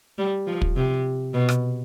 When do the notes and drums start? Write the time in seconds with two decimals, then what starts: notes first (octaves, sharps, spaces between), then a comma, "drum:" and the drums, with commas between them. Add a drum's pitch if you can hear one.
0.18 G3
0.47 F3
0.62 drum: kick
0.76 C3
1.34 B2
1.49 drum: rim click